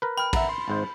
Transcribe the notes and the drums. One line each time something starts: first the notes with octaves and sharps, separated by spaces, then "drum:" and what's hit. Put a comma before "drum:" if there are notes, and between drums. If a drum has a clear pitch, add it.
A#4 B4
G5 B5 F6
E5 F#5 A#5, drum: kick, cymbal
C6
G#1 G#2 C5